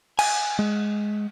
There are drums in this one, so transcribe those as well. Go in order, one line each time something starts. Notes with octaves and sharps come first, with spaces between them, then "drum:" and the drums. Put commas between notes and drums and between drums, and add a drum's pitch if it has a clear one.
G#5, drum: cymbal
G#3